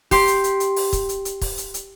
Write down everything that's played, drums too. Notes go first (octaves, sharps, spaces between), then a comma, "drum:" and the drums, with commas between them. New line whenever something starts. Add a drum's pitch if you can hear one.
G4 C6, drum: kick, open hi-hat
drum: hi-hat
drum: hi-hat
drum: hi-hat
drum: open hi-hat
drum: kick, hi-hat
drum: hi-hat
drum: hi-hat
drum: kick, open hi-hat
drum: hi-hat
drum: hi-hat